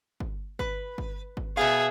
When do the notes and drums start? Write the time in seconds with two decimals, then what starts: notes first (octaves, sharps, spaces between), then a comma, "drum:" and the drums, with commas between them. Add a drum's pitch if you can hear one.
0.20 drum: kick G1
0.59 B4, drum: kick G1
0.98 drum: kick G1
1.37 drum: kick G1
1.57 B2 B3 G#4 E5 F5